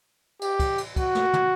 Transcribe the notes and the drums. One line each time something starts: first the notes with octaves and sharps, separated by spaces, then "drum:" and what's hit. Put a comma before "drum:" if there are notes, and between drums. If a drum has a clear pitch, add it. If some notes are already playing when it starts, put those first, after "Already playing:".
G4, drum: cymbal
drum: kick, cymbal
drum: cymbal
F#4, drum: kick, cymbal
drum: snare
drum: tom